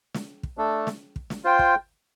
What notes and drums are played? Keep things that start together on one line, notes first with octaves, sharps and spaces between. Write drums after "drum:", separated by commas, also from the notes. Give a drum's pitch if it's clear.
drum: snare
drum: kick
A3 D4 A4
drum: snare
drum: kick
drum: snare
F4 C5 G5
drum: kick